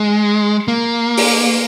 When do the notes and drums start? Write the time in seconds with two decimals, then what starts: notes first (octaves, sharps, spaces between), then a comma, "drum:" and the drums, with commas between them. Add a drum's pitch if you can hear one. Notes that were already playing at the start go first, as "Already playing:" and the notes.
Already playing: G#3
0.68 A#3
1.17 drum: open hi-hat